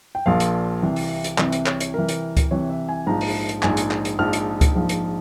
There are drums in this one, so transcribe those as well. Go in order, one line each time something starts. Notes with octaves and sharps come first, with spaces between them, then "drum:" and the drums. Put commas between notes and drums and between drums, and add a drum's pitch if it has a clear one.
G5
A#1 A#2 F3 F5
drum: hi-hat
C2 C3 E3
drum: open hi-hat
drum: hi-hat
C2 C3 E3 E5, drum: clap
drum: hi-hat
C#5, drum: clap
drum: hi-hat
C2 C3 E3 A#4
drum: hi-hat
drum: kick C#2, hi-hat
C2 C3 E3 C#5
E5
G#5
A#1 G#2 F3 A#5
drum: open hi-hat
drum: hi-hat
A#1 G#2 F3 G#5, drum: clap
drum: hi-hat
drum: clap
drum: hi-hat
A#1 G#2 F3 F6
drum: hi-hat
drum: kick C#2, hi-hat
A#1 G#2 F3
drum: hi-hat